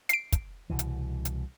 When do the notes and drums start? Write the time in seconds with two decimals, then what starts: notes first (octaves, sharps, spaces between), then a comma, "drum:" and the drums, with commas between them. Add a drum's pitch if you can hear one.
0.09 C7 D7, drum: hi-hat
0.32 drum: kick, hi-hat
0.70 C2 B2 E3
0.79 drum: hi-hat
1.25 drum: hi-hat